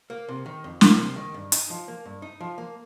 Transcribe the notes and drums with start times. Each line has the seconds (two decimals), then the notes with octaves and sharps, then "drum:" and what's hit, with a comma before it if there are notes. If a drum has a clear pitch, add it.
0.10 A#3
0.29 C3
0.46 D#3
0.64 F2
0.81 A#3, drum: snare
0.98 C3
1.16 D#3
1.34 G2
1.52 D#4, drum: hi-hat
1.70 F3
1.88 A#3
2.05 G2
2.22 D#4
2.40 F3
2.58 A#3